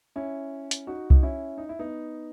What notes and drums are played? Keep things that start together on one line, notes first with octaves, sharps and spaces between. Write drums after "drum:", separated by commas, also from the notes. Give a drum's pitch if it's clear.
C#4 E4
drum: hi-hat
D#4 F#4
D#4, drum: kick C2
C#4 E4
D#4
E4
B3 D#4